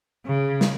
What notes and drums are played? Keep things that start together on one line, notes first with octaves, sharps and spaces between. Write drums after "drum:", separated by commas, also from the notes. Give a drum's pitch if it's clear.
C#3
drum: snare